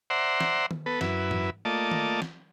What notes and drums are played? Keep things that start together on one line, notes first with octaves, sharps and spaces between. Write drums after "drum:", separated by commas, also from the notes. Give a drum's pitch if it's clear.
C5 D5 E5 F#5 A#5 C6
drum: snare
drum: tom D#3
B3 A4 B4
F#2 E4 B4, drum: snare
drum: tom G#2
A3 A#3 F4 D5 D#5 A5
drum: tom D#3
drum: snare